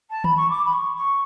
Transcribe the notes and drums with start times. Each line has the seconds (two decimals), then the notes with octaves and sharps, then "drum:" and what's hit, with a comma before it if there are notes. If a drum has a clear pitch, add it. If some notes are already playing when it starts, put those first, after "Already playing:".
0.10 A5
0.24 B5, drum: tom D#3
0.36 C#6
0.50 D6
0.64 B5
0.73 C#6
0.96 C#6